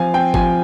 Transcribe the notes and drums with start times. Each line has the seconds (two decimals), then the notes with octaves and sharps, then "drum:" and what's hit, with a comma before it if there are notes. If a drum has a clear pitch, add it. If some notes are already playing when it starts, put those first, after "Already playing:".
Already playing: F3 C4 F5 G#5
0.14 C4 G5
0.34 F3 G#5, drum: kick G1